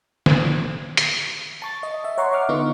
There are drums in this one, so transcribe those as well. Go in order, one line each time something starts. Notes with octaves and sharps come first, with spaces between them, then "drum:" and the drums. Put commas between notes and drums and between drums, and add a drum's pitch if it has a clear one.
drum: snare
drum: hi-hat
A5 C#6 A6
D#5
E5
C#5 F#5 A#5 C6 C#6
E5 F#5 C#6 D6 F6
D3 B3 D#4 F4